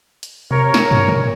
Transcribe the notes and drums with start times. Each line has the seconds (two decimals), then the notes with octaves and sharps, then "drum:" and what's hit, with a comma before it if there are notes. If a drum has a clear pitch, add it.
0.23 drum: hi-hat
0.51 C3 A#4 C#5
0.74 drum: snare
0.91 A#2, drum: tom
1.08 drum: tom B2